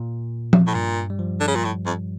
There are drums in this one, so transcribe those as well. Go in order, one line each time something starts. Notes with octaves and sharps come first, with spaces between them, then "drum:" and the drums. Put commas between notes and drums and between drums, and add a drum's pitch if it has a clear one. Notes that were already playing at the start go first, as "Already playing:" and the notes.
Already playing: A#2
drum: tom F3
A2
G2 A#2
G3
F3
D3
C#3
A#2
A2
F2